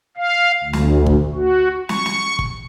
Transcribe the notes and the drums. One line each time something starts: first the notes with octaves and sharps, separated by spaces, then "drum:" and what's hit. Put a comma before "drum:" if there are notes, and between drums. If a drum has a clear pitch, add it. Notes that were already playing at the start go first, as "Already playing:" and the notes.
F5
D2
drum: snare
drum: kick
F#4
C#6, drum: snare
drum: snare
drum: kick